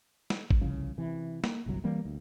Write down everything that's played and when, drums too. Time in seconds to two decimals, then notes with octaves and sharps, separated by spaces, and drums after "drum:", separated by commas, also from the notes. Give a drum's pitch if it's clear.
0.30 drum: snare
0.51 drum: kick
0.61 C2 C#3 F3
0.98 C3 E3
1.44 A#3, drum: snare
1.66 G1 C2 C3 F#3
1.84 E3 G3 A#3 C4
2.05 D2